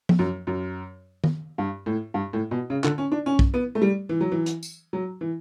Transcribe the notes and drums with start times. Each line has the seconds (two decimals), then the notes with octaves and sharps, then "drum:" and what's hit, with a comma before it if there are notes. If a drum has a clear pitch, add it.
0.09 drum: tom
0.19 F#2
0.47 F#2
1.24 drum: tom D#3
1.58 G2
1.86 A2
2.14 G2
2.33 A2
2.51 B2
2.70 C#3
2.84 D3, drum: clap
2.98 C#4
3.12 D4
3.26 C#4
3.39 drum: kick
3.54 B3
3.75 A3
3.82 G3
4.09 E3
4.21 F#3
4.32 E3
4.46 drum: hi-hat
4.63 drum: tambourine
4.93 F#3
5.21 E3